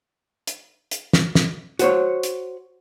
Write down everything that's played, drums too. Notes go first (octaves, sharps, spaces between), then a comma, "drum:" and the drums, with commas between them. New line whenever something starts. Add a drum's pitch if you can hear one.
drum: hi-hat
drum: hi-hat
drum: snare
drum: snare
F#4 C5 C#5, drum: hi-hat
drum: hi-hat